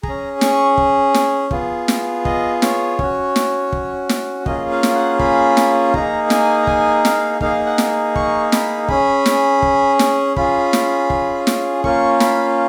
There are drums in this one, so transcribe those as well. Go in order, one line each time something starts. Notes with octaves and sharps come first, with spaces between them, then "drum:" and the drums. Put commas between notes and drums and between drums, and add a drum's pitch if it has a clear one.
G#4 A#5, drum: kick
C#4
C#6, drum: snare
drum: kick
drum: snare
B3 F4 G#4, drum: kick
drum: snare
D#5, drum: kick
C#5, drum: snare
C#4 F#4, drum: kick
drum: snare
drum: kick
drum: snare
A#3 C#4 F4 G#4 D#5, drum: kick
F5
drum: snare
F#5
B5, drum: kick
drum: snare
A#3 D#4 G#4 A#5, drum: kick
G#5, drum: snare
A#5
G#5, drum: kick
F5, drum: snare
A#3 D#4 G#4 F5, drum: kick
F#5
drum: snare
C#6, drum: kick
B5, drum: snare
C#4 G#4 B5, drum: kick
drum: snare
drum: kick
drum: snare
C#4 F4 G#4 B5, drum: kick
drum: snare
drum: kick
drum: snare
A#3 C#4 F4 C#6, drum: kick
B5, drum: snare